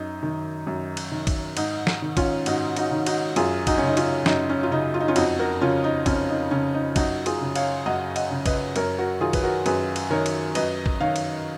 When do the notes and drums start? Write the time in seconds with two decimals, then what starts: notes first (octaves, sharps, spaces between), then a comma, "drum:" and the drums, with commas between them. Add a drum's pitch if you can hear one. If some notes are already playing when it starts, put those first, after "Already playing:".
Already playing: F#2 D#4
0.23 D#3
0.67 F#2
0.97 drum: cymbal
1.12 D#3
1.27 drum: kick, cymbal
1.57 G#2 D#4, drum: cymbal
1.87 drum: snare
2.02 D#3
2.17 C#4 F4, drum: kick, cymbal
2.46 G#2 D#4 F#4, drum: cymbal
2.76 D#4 F#4, drum: cymbal
2.91 D#3
3.06 D#4 F#4, drum: cymbal
3.36 F#2 F4 G#4, drum: cymbal
3.67 D#4 F#4, drum: kick, cymbal
3.78 C#3 C#4
3.87 D#4
3.97 C#4 F4, drum: cymbal
4.26 F#2 D#4, drum: snare
4.49 C#4
4.63 F4
4.71 C#3 D#4
4.94 F4
5.00 D#4
5.08 C#4 F4
5.16 F2 D#4 F#4, drum: cymbal
5.39 F#4 A#4
5.61 C#3 C#4 F4
5.84 D#4
6.06 F2 C#4, drum: kick, cymbal
6.29 D#4
6.51 C#3 C#4
6.74 D#4
6.96 F#2 D#4 F#4, drum: kick, cymbal
7.26 F4 G#4, drum: cymbal
7.41 C#3
7.56 C#5 F5, drum: cymbal
7.86 F#2 D#5 F#5
8.16 D#5 F#5, drum: cymbal
8.31 C#3
8.46 B4 D#5, drum: kick, cymbal
8.76 F#2 A#4 C#5, drum: cymbal
8.99 F#4 A#4
9.20 D#3 F4 G#4
9.33 B4, drum: kick, cymbal
9.43 F#4 A#4
9.66 F#2 G#4 B4, drum: cymbal
9.96 drum: cymbal
10.10 D#3 A#4 C#5
10.26 drum: cymbal
10.55 F#2 B4 D#5, drum: cymbal
10.86 drum: kick
11.00 D#3 C#5 F5
11.16 drum: cymbal